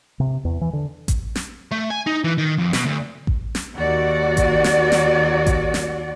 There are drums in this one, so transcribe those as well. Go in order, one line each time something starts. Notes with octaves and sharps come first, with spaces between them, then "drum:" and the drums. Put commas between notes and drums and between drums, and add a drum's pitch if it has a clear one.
C3
E2
E3
D3
drum: kick A1, hi-hat
drum: snare
A3
G#5
D#4
E3
D#3
F2
B2, drum: snare
D2
drum: kick A1
drum: snare
D#2 F#4 D5
drum: kick A1, hi-hat
drum: snare
drum: snare
drum: kick A1, hi-hat
drum: snare